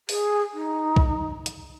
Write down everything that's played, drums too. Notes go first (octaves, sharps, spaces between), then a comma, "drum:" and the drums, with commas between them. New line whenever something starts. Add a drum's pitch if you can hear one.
G#4, drum: open hi-hat
D#4
drum: kick B1
drum: hi-hat